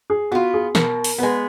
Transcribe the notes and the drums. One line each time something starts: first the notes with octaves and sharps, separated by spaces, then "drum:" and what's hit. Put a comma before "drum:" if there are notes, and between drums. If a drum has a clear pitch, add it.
G#4
B3 F4 F#4
G#4
B2 A#4, drum: snare
drum: open hi-hat
G#3 B3 B4